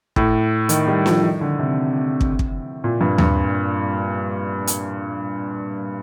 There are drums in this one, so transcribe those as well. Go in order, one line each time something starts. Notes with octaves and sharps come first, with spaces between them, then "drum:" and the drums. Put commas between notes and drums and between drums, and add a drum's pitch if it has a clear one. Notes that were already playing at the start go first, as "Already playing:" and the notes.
A2, drum: kick
D#3, drum: hi-hat
G3
F3, drum: snare
D#3
D3
C3
drum: kick
drum: kick
A#2
G2
G2, drum: tom D#2
drum: hi-hat